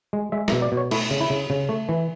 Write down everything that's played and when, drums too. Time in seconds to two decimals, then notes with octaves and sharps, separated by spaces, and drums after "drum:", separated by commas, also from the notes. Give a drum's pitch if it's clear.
0.13 G#3
0.32 G#3 E5
0.48 E5, drum: snare
0.52 B2
0.62 D5
0.72 B2
0.77 C#5
0.91 A3 E4, drum: cymbal
1.11 C#3
1.21 E4
1.30 C#3
1.50 C#3
1.69 A3
1.89 E3